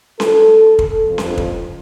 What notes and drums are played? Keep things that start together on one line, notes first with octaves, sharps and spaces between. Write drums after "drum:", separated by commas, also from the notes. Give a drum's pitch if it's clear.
A4, drum: snare C#4
drum: kick
F2
drum: snare C#4
drum: kick